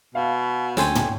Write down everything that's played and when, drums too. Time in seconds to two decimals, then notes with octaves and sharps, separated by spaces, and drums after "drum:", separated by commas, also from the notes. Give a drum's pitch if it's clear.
0.15 B2 F5
0.77 D2 C#4 A4 G5 G#5 C6, drum: snare
0.95 drum: tom